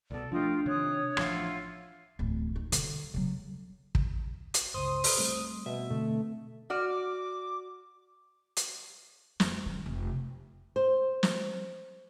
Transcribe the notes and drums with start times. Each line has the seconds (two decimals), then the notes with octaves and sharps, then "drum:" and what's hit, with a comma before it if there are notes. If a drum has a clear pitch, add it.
0.11 C2 B2 A4 D5
0.32 F3 A3 D4 F4 D#5 G5
0.66 C3 D#3 C#5 D#6 F#6
1.17 A1 F3 E4 F4 F#5, drum: rim click
2.19 D1 E2
2.56 D#4
2.72 D3, drum: hi-hat
3.14 C#3 F#3
3.95 drum: kick
4.54 drum: hi-hat
4.74 G1 C#2 C5 D#6
5.04 drum: open hi-hat
5.18 G3 A3 C4
5.66 B2 E5
5.90 B2 D3 A3 C4
6.70 F#4 D5 F6
6.88 D6
8.57 drum: hi-hat
9.40 F#2, drum: snare
9.66 D#3
9.86 F1
10.76 C5
11.23 drum: snare